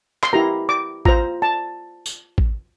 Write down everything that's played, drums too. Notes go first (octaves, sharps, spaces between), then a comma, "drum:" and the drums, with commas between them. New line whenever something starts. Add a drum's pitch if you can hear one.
C6, drum: clap
E4 G4 A#4 A#5
D6
F4 C5 A#5, drum: kick A1
A5
drum: tambourine
drum: kick A1